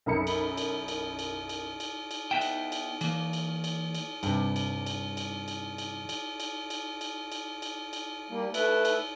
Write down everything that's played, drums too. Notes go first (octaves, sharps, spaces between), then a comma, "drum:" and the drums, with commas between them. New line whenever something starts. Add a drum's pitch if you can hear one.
B1 F#2 B5 C#7
drum: cymbal
drum: cymbal
drum: cymbal
drum: cymbal
drum: cymbal
drum: cymbal
drum: cymbal
B3 D#4 E5 F#5 G5
drum: cymbal
drum: cymbal
E3 A#3, drum: cymbal
drum: cymbal
drum: cymbal
drum: cymbal
G2 C3, drum: cymbal
drum: cymbal
drum: cymbal
drum: cymbal
drum: cymbal
drum: cymbal
drum: cymbal
drum: cymbal
drum: cymbal
drum: cymbal
drum: cymbal
drum: cymbal
drum: cymbal
G3 A#3
A3 B4 E5, drum: cymbal
drum: cymbal